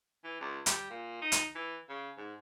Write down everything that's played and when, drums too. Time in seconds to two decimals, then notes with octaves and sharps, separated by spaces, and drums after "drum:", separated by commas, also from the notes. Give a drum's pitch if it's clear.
0.24 E3
0.41 C#2
0.66 G3, drum: hi-hat
0.90 A#2
1.22 D#4
1.32 drum: hi-hat
1.55 E3
1.89 C#3
2.17 G#2